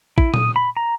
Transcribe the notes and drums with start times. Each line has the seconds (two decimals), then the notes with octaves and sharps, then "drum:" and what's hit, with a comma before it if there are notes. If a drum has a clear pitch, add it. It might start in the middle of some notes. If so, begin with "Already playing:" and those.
0.18 E4, drum: kick A1
0.34 D#6, drum: tom A#2
0.56 B5
0.77 A#5